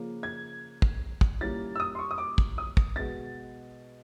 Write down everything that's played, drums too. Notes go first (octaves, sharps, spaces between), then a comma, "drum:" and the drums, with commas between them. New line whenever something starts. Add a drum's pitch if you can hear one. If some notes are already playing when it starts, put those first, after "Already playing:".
Already playing: C#3 F3 A#3
G#6
drum: kick
drum: kick
A#2 G3 A#3 C#4 E4 A6
E6
D#6
C6
C#6
D#6
D6
drum: kick
D#6
drum: kick
B2 G#3 B3 A6